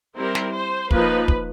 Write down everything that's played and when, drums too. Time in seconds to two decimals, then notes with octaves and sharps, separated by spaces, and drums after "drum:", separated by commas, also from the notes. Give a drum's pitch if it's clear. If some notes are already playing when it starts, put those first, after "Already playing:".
0.16 G3 C4 E4 A#4
0.35 drum: snare
0.53 C5
0.91 F3 A#3 D#4 B4, drum: kick
1.28 drum: kick